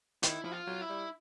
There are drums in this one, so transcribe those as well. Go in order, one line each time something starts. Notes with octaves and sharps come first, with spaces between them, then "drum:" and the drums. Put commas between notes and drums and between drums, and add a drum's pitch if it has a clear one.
D#3 E4, drum: hi-hat
F3 E4
F4
F#3
E4
G3